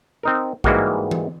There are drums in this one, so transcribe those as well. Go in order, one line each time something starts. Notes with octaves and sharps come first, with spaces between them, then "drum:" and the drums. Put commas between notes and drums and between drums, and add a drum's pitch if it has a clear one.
C4 D#4 A#4
G#2 E3 G3 G#3 A#3 F#4, drum: kick
drum: tom E3